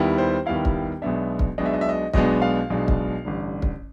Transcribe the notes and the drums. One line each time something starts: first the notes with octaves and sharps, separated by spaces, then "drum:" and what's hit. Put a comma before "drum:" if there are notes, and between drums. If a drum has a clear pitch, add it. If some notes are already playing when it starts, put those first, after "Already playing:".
Already playing: D#2 D#3 G3 B3 E4
C5
D#2 D#3 G3 B3 E4 F5
drum: kick
B1 B2 G#3 B3 D4 E5
drum: kick
B1 B2 G#3 B3 D4 D#5
E5
D#5
E5
D#5
B1 B2 G#3 B3 D4 D#5, drum: kick
F5
B1 B2 G#3 B3 D4
drum: kick
A1 G2 D3
drum: kick